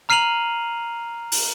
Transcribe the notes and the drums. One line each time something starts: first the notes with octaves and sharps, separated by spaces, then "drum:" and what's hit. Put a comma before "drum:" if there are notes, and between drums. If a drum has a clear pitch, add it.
A#5 F6 C7 D#7 F7 F#7
drum: open hi-hat